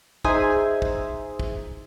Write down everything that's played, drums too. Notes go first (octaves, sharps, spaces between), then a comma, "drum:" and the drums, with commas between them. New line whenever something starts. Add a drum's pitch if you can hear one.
D#4 G#4 C5 E5 G#5, drum: kick
drum: kick
drum: kick